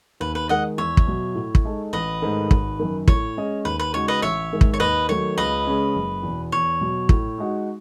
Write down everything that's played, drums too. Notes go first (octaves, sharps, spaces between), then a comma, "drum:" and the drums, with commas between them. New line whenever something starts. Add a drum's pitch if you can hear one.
D#2 B4
B4
D#3 G#3 D#5 F#5
E2 C#5 E5
drum: kick
B2 F#3
A2
drum: kick
G#3 D#4 A4
A1 B4 D#5
G#2 D#3 A3 D#4
G#1, drum: kick
F#2 D#3
A2 C#5, drum: kick
G#3 C#4 G#4 D#5
D#2 B4
B4
C#3 G#3 D#4 F#4 C#5
B4 D#5
A1 C#5 E5
G#2 D#3 G#3
drum: kick
C#5
D#2 B4 D#5
D#3 F#3 A3 D#4 C#5
C#2 B4 D#5
C#3 G#3 C#4 G#4
F#1
E2 B2
E2 C#5
B2 F#3
A2, drum: kick
G#3 D#4 F#4